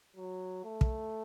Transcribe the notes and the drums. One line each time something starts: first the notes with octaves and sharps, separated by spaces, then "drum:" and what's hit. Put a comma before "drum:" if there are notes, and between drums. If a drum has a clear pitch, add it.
F#3
A3
drum: kick